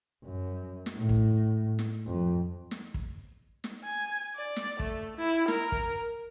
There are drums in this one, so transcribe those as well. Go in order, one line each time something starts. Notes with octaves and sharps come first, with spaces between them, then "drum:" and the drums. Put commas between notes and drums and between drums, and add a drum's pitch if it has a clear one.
F#2
drum: snare
A2
drum: kick
drum: snare
F2
drum: snare
drum: kick
drum: snare
G#5
D5
drum: snare
A3, drum: kick
E4
A#4, drum: snare
drum: kick